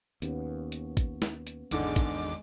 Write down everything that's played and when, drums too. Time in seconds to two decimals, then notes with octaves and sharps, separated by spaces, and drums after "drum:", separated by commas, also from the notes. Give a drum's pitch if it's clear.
0.22 D#2 A#3 B3 C#4, drum: hi-hat
0.72 drum: hi-hat
0.97 drum: kick, hi-hat
1.22 drum: snare
1.47 drum: hi-hat
1.71 G#1 E2 G#2 D3 G#3 D6, drum: hi-hat
1.96 drum: kick, hi-hat